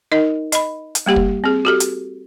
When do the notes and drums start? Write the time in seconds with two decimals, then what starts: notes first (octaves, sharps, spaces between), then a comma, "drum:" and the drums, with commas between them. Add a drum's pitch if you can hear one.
0.12 D#4 A#4 D#5
0.52 D#5 B5, drum: hi-hat
0.95 drum: hi-hat
1.06 G3 A#3 G4 F#5
1.16 drum: kick
1.44 C4 G#4
1.65 F#4 G4 A4
1.80 drum: hi-hat